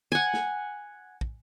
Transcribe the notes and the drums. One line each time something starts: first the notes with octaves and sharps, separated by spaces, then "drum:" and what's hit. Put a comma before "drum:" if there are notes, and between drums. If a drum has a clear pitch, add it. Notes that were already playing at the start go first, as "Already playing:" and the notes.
F#5 G#5
drum: snare
drum: kick